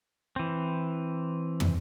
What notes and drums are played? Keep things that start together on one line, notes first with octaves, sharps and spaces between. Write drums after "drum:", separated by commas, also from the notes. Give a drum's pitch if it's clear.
E3 C4
drum: tom